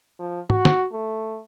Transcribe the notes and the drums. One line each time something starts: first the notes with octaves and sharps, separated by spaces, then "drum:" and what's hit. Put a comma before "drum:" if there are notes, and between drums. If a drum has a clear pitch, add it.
F3
F#4, drum: tom G#2
drum: snare
A3